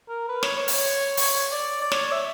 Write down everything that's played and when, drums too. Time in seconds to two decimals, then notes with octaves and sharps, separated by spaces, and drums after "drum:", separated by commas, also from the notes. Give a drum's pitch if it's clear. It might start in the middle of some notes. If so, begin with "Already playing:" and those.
0.08 A#4
0.29 B4
0.43 C#5, drum: snare
0.56 C#5
0.68 drum: open hi-hat
1.17 drum: open hi-hat
1.52 D5
1.81 D5
1.92 C#5, drum: snare
2.12 E5